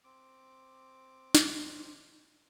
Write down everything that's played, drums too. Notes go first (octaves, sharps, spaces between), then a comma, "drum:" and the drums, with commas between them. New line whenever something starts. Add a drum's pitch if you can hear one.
C4 D6
drum: snare